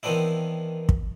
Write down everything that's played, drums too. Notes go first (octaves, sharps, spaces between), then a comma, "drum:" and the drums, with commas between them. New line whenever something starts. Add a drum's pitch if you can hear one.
D#3 E3 B3 C4 D4 E4
drum: kick